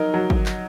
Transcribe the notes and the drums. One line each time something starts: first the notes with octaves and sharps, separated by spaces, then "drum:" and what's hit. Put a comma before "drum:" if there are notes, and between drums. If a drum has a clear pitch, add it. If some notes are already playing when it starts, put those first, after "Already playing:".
Already playing: F#3 D#4 A#4
F#3
drum: kick
drum: clap